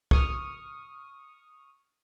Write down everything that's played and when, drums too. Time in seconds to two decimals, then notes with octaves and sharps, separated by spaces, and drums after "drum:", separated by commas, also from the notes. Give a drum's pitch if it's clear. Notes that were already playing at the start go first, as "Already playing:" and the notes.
0.11 C#6 D#6 F6, drum: kick